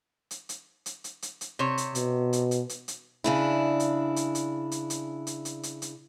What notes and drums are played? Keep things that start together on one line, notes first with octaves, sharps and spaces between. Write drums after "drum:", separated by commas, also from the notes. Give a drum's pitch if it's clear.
drum: hi-hat
drum: hi-hat
drum: hi-hat
drum: hi-hat
drum: hi-hat
drum: hi-hat
C3 C#5
drum: hi-hat
B2, drum: hi-hat
drum: hi-hat
drum: hi-hat
drum: hi-hat
drum: hi-hat
C#3 D4 E4
drum: hi-hat
drum: hi-hat
drum: hi-hat
drum: hi-hat
drum: hi-hat
drum: hi-hat
drum: hi-hat
drum: hi-hat
drum: hi-hat